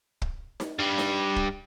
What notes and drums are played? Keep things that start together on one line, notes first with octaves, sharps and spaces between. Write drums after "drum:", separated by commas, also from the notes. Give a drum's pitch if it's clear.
drum: kick
drum: snare D#4
G2 G3
drum: snare D#4
drum: kick